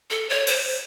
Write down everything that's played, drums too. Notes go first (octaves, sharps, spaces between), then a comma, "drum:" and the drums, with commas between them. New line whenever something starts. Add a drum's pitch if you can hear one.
A4
C#5
C5, drum: open hi-hat